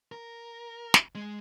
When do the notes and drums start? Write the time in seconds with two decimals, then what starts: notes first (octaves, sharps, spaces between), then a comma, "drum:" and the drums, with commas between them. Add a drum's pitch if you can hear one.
0.12 A#4
0.94 drum: snare
1.15 G#3